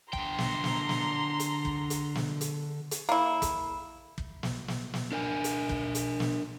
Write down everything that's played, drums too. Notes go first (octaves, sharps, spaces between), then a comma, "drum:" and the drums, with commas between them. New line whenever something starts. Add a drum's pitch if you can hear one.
D3 G5 A#5 C6, drum: kick
drum: snare
drum: snare
drum: snare
drum: hi-hat
drum: kick
drum: hi-hat
drum: snare
drum: hi-hat
drum: hi-hat
A#3 E4
drum: kick, hi-hat
drum: kick
drum: snare
drum: snare
drum: snare
D4 A#4 G#5
drum: hi-hat
drum: kick
drum: hi-hat
drum: snare